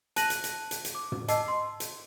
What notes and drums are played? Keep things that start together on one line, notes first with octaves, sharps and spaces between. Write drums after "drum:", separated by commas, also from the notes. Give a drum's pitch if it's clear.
A5 F#6 A#6 D#7 F#7, drum: hi-hat
drum: hi-hat
drum: hi-hat
drum: hi-hat
drum: hi-hat
D6
drum: tom
D#5 A5 D6 E6 C7, drum: hi-hat
C6
drum: hi-hat